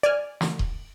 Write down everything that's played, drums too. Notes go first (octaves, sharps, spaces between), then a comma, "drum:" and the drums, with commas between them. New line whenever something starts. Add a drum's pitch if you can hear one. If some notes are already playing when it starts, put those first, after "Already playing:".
D5 G#5 F6
drum: snare
drum: kick D#1